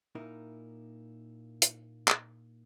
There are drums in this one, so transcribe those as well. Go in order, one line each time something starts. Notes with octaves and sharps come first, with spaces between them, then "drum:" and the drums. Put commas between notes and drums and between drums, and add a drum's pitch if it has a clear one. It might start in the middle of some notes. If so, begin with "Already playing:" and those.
A#2 D#4 E4 A#4
drum: hi-hat
drum: clap